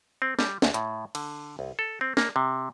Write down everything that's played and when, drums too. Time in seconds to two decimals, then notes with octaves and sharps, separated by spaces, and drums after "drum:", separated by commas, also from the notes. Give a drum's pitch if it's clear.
0.22 C4
0.39 G3, drum: snare
0.62 D2, drum: snare
0.74 A2, drum: hi-hat
1.15 D3, drum: cymbal
1.59 C2
1.79 A4
2.01 C4
2.17 A#3, drum: snare
2.36 C3